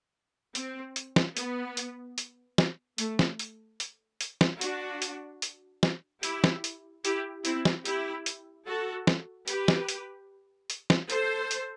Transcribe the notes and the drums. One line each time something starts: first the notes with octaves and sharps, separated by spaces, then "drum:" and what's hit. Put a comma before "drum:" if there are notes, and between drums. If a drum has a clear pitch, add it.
C4, drum: hi-hat
drum: hi-hat
drum: snare
B3, drum: hi-hat
drum: hi-hat
drum: hi-hat
drum: snare
A3, drum: hi-hat
drum: snare
drum: hi-hat
drum: hi-hat
drum: hi-hat
drum: snare
D4 F#4, drum: hi-hat
drum: hi-hat
drum: hi-hat
drum: snare
E4 G4, drum: hi-hat
drum: snare
drum: hi-hat
E4 G4, drum: hi-hat
C4 E4, drum: hi-hat
drum: snare
E4 G4, drum: hi-hat
drum: hi-hat
F#4 A4
drum: snare
G4 B4, drum: hi-hat
drum: snare
drum: hi-hat
drum: hi-hat
drum: snare
A4 C5, drum: hi-hat
drum: hi-hat